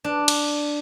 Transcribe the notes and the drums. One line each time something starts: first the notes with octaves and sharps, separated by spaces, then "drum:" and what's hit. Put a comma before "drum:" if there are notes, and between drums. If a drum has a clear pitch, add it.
D4
drum: cymbal